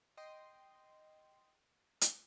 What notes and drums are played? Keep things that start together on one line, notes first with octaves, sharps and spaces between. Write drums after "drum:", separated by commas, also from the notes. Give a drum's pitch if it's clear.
D#5 G5 C6
drum: hi-hat